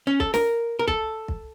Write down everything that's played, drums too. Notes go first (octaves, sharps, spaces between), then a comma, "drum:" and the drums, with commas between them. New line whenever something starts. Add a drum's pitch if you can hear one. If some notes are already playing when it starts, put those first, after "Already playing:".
C#4
A4, drum: kick
A#4, drum: snare
A#4
A4, drum: kick
drum: kick